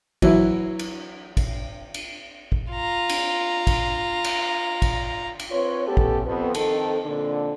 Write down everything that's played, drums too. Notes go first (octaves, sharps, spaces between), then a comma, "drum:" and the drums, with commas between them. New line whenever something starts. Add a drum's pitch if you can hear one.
E3 F#3 E4, drum: kick, cymbal
drum: cymbal
drum: kick, cymbal
drum: cymbal
drum: kick
F4 A#5
drum: cymbal
drum: kick, cymbal
drum: cymbal
drum: kick, cymbal
drum: cymbal
C4 F4 B4 C#5
A3 B3 C#4 G4 A4
drum: kick
F2 B3
F2 D#3 C4 A4, drum: cymbal
F2 A#2 D3